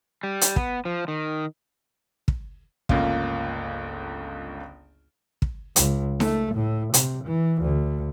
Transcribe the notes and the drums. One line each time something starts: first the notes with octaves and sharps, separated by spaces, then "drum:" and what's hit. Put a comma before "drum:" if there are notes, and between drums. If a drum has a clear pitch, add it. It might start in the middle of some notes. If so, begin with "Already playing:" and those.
G3
drum: hi-hat
B3, drum: kick
F3
D#3
drum: kick
G1 C#2 A#3 C#4 F4, drum: kick
drum: kick
C#2, drum: hi-hat
A3, drum: snare D#4
A2
C3, drum: hi-hat
E3
D2